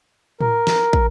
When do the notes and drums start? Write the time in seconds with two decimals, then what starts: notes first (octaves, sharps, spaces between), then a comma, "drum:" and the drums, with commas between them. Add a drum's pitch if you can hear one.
0.41 A#4, drum: tom A2
0.67 drum: snare
0.93 drum: kick